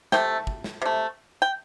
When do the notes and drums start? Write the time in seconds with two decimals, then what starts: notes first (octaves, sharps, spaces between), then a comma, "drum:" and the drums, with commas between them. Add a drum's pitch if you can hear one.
0.12 C3 A3 G5, drum: snare
0.47 drum: kick
0.64 drum: snare
0.82 C3 A3
1.42 G5